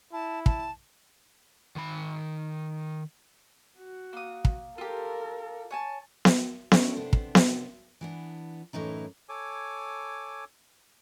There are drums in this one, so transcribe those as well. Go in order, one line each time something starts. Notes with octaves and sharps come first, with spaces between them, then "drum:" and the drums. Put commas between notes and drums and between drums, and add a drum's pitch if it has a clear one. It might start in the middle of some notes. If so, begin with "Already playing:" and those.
E4 A5
A5, drum: kick
D#3 B5
F#4
A#3 D#6
drum: kick
F4 G4 A4 A#4
C#5 G#5 A5
drum: snare B3
C#4 D4 E4 A4, drum: snare B3
C3 B3 D4 C5
drum: kick
drum: snare B3
E3 B3 D4
F#2 A2 E3 D#4 A#5
A4 C#5 G#5 D6